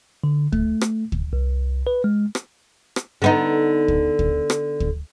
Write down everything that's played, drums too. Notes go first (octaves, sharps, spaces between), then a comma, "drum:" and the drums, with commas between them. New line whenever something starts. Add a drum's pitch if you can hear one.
D3
A3, drum: kick
drum: rim click
drum: kick
C2
B4
G#3
drum: rim click
drum: rim click
D3 B3 D#4
drum: kick
drum: kick
drum: rim click
drum: kick